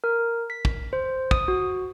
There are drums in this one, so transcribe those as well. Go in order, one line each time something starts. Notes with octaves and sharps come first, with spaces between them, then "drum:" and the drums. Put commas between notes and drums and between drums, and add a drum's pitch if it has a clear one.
A#4
B6
drum: kick
C5
D#6, drum: kick
F#4